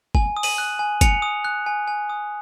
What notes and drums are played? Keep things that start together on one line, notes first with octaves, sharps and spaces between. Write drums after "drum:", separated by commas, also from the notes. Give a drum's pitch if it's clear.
G#5, drum: kick
D#6
D#7 F#7, drum: open hi-hat
F#6
G#5
G#5 C#7 F7, drum: kick, hi-hat
D#6
F#6
G#5
G#5
D#6